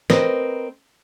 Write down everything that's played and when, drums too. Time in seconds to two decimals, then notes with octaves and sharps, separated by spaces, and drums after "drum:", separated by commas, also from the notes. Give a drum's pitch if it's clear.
0.10 C4 A#4 B4 D#5, drum: snare